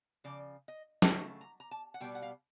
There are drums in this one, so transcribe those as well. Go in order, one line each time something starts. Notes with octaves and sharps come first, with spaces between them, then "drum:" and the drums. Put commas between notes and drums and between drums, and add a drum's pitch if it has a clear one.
C#3 F3 D5
D#5
G#5, drum: snare
C#3 F#3 A3
A#5
A#5
A5
F#5
B2 G3 B3 G5
F#5
F5